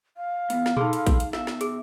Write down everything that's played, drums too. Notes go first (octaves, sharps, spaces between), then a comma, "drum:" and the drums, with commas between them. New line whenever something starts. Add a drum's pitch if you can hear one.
F5
E2 B3, drum: hi-hat
drum: snare
D#4 G#4 A4 B5 C6, drum: tom A#2
drum: hi-hat
drum: kick, hi-hat
drum: hi-hat
B2 E5, drum: snare
drum: snare
G#4, drum: hi-hat